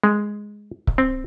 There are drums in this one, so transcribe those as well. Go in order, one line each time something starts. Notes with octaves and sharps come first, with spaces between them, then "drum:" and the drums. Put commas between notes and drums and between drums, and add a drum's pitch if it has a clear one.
G#3
drum: kick C#1
C4